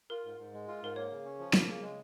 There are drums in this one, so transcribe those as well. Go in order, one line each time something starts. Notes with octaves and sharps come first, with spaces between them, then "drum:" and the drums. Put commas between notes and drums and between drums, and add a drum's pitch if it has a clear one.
F4 A#4
G#2
G#2
G#3
F4
G#2 A#4
A#3 C#5
C#3
C#4
F3
A#3, drum: snare
C#3
G#3